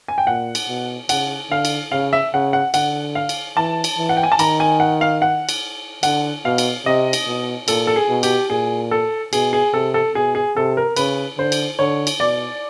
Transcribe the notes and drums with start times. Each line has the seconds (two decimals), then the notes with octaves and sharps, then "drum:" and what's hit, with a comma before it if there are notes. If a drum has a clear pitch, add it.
0.08 G#5
0.18 G5
0.27 A#2 F#5
0.55 drum: cymbal
0.69 B2
1.09 C#3 F#5, drum: cymbal
1.50 D3 F5
1.65 drum: cymbal
1.92 C#3 F5
2.13 E5
2.34 C#3 F#5
2.53 F#5
2.74 D3 F#5, drum: cymbal
3.15 F5
3.29 drum: cymbal
3.57 E3 A5
3.84 drum: cymbal
3.98 E3
4.09 F#5
4.17 G5
4.23 G#5
4.32 A5
4.39 D#3 A#5, drum: cymbal
4.60 G#5
4.80 F#5
5.01 F5
5.22 F#5
5.49 drum: cymbal
6.03 D3 F#5, drum: cymbal
6.45 B2 F5
6.58 drum: cymbal
6.86 C3 D#5
7.13 drum: cymbal
7.26 B2
7.68 A#2 A4, drum: cymbal
7.87 A4
7.96 G#4
8.09 B2
8.23 G4, drum: cymbal
8.50 A#2 G#4
8.91 A4
9.33 B2 G#4, drum: cymbal
9.53 G#4
9.74 C3 A4
9.94 A4
10.15 B2 G#4
10.35 G#4
10.57 C3 A4
10.77 A#4
10.96 C#3 B4, drum: cymbal
11.38 D3 C5
11.52 drum: cymbal
11.79 D3 C#5
12.07 drum: cymbal
12.20 B2 D5